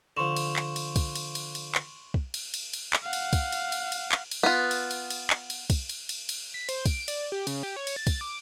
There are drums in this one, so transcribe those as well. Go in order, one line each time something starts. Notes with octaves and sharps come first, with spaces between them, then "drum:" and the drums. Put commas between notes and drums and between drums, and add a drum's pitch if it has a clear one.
D3 F3 C6 C#6 E7
drum: cymbal
drum: clap
drum: cymbal
drum: kick, cymbal
drum: cymbal
drum: cymbal
drum: cymbal
drum: clap
drum: kick
drum: cymbal
drum: cymbal
drum: cymbal
drum: clap
F5 F#5
drum: cymbal
drum: kick, cymbal
drum: cymbal
drum: cymbal
drum: cymbal
drum: clap
drum: cymbal
B3 F4
drum: cymbal
drum: cymbal
drum: cymbal
drum: clap
drum: cymbal
drum: kick, cymbal
drum: cymbal
drum: cymbal
drum: cymbal
B6
C5, drum: cymbal
D7, drum: kick, cymbal
D5, drum: cymbal
G4
C#3, drum: cymbal
G4
C#5
drum: cymbal
A6
drum: kick, cymbal
D6